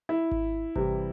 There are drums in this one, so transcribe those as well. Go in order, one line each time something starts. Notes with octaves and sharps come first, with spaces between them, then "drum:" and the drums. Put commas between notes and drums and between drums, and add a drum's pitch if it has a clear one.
E4
drum: kick G#1
C3 E3 G3, drum: kick G#1